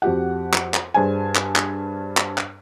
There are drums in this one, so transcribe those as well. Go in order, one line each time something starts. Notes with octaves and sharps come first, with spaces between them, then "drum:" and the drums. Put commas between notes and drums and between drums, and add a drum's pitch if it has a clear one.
F2 F#4 G4 F#5
drum: clap
drum: clap
G2 D4 G#4 C5 G#5
drum: clap
drum: clap
drum: clap
drum: clap